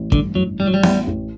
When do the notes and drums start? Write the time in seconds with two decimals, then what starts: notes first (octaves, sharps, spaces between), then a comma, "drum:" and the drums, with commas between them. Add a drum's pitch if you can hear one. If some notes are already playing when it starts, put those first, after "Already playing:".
Already playing: A1
0.12 G2 D3, drum: kick
0.35 A1 F#3
0.60 A1 G3
0.67 F#3
0.74 G3
0.83 A1, drum: snare B3
1.07 A1